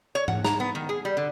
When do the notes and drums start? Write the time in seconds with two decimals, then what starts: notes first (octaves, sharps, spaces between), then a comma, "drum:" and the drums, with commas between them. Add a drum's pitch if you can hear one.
0.15 C#5
0.28 F#5, drum: tom G#2
0.44 A#5, drum: snare
0.60 B3
0.75 D#3
0.89 G#4
1.05 G3
1.17 D3